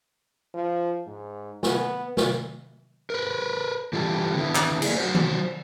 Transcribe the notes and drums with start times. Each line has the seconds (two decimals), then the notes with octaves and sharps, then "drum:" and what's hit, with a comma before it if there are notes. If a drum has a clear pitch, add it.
0.55 F3
1.07 G#2
1.63 B3, drum: snare
2.17 drum: snare
3.10 A#4 B4
3.93 E3 G3 F4 G4 A4
4.35 D3 D#3 B3 E4
4.55 drum: clap
4.82 A#3 G#4, drum: cymbal
4.98 F#3 F#4 C5
5.15 drum: tom D#3